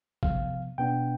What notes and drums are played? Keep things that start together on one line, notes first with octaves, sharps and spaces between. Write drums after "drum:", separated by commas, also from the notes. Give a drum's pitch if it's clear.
C3 F3 B3 F5, drum: kick
B2 B3 D4 G5